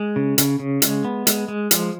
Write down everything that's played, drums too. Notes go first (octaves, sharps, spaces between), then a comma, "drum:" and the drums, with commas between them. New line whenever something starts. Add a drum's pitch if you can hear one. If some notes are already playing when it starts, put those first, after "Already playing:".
Already playing: G#3
C#3
C#3, drum: hi-hat
C#3
G#3, drum: hi-hat
B3
G#3, drum: hi-hat
G#3
F3, drum: hi-hat